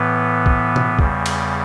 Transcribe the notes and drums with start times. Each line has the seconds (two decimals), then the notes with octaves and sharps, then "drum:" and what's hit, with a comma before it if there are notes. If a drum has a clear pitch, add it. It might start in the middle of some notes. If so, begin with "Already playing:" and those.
Already playing: A2 E3 B3
0.46 drum: kick
0.76 drum: tom
0.99 E2 C#3 G3, drum: kick
1.26 drum: cymbal